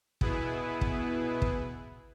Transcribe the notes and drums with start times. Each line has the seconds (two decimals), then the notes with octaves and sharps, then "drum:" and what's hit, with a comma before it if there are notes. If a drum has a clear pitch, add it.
0.21 B2 B3 E4 G#4 B4, drum: kick
0.81 drum: kick
1.42 drum: kick